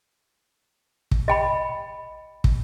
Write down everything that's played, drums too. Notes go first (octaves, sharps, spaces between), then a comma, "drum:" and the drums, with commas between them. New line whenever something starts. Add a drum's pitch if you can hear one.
drum: kick
D#5 G5 B5
drum: kick